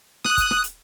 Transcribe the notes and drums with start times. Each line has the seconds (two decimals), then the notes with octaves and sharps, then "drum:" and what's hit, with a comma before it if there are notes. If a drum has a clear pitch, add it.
0.25 D#6 F#6, drum: rim click
0.38 drum: kick, hi-hat
0.51 drum: rim click
0.64 drum: hi-hat